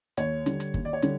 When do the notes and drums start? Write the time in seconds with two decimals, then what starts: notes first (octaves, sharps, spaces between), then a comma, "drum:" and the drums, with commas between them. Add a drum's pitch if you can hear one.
0.17 D#2 C#5, drum: hi-hat
0.46 D3 G3, drum: hi-hat
0.60 drum: hi-hat
0.74 D#2, drum: kick F#1
0.85 D5
0.93 C#5
1.02 D3 G3, drum: hi-hat